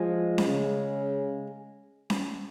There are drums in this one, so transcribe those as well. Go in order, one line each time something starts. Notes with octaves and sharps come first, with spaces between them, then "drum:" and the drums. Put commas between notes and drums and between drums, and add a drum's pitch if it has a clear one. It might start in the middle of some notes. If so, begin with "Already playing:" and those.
Already playing: F3 G#3
drum: snare C#4
C#3
drum: snare C#4